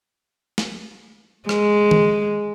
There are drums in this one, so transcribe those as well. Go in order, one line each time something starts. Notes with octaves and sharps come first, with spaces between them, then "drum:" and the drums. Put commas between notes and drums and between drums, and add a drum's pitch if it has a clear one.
drum: snare
G#3, drum: rim click
drum: tom D#3